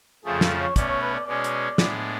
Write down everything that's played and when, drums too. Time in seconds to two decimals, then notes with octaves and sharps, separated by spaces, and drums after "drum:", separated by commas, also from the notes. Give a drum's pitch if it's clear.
0.24 F2 C#3 F3 A3 G#4
0.41 A4, drum: snare
0.59 C#5
0.76 B2 A3 C#4 D5, drum: kick, hi-hat
0.89 C#5
1.02 B4
1.14 D5
1.27 B2 G#3 C#4 D5
1.44 drum: hi-hat
1.78 A2 G#3 B3 D4, drum: snare